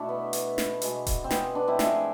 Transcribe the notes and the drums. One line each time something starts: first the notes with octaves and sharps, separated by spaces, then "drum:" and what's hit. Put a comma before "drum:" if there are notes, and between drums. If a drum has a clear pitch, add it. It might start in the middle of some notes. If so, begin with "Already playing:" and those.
Already playing: B2 A3 D4 E4
B3
B3, drum: hi-hat
drum: snare
B2 G#3, drum: hi-hat
drum: kick D#1, hi-hat
C4
B3, drum: snare
B3 D4
C4 E4
A2 F3 G#3 E4 G#4, drum: snare